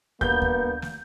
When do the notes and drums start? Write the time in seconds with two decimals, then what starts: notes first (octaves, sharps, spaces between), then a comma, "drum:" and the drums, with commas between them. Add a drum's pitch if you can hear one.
0.21 G2 A#3 B3 G6, drum: kick
0.42 drum: kick
0.82 drum: snare